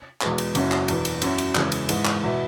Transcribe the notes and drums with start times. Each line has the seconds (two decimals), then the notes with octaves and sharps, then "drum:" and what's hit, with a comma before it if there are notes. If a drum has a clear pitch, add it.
0.21 E2 B2 G#3 B3, drum: clap
0.38 drum: cymbal
0.55 F#1 F#2 F#3 C#4 E4, drum: cymbal
0.72 drum: clap
0.88 E1 E2 E3, drum: cymbal
1.05 drum: cymbal
1.22 F#2 F#3 C#4 E4, drum: cymbal
1.38 drum: cymbal
1.55 E2 C#3 E3 G#3 C#4, drum: clap
1.72 drum: cymbal
1.89 G#2 E3 G#3, drum: cymbal
2.05 drum: clap
2.22 E2 B2 B3 E4